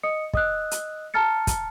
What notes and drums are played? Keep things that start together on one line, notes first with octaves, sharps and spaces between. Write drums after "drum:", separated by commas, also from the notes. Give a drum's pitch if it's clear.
D#5 D#6 C#7
D#5 D#6 E6 F#6, drum: kick
drum: hi-hat
A5 A#5 F6 A6 C#7
drum: kick, hi-hat